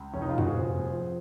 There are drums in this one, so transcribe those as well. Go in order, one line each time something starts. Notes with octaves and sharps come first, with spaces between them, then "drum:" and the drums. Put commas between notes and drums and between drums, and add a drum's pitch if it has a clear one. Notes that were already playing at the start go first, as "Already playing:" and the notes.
Already playing: C#2
F1 C#4
D#4
F4
F#4, drum: tom F2
F3 G#4
F3